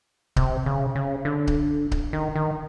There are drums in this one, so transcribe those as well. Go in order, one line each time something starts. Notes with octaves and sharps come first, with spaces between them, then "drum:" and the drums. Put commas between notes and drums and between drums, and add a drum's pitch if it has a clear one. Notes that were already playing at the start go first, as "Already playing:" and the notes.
C3, drum: kick C#1
C#3
C#3
D3
drum: kick C#1
drum: kick C#1
D#3
D#3